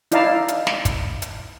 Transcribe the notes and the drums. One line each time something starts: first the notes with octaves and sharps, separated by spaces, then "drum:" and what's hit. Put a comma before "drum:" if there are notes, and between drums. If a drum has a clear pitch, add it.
D#4 E4 D5 F5 A5 A#5, drum: hi-hat
drum: hi-hat
drum: snare
drum: kick, hi-hat
drum: hi-hat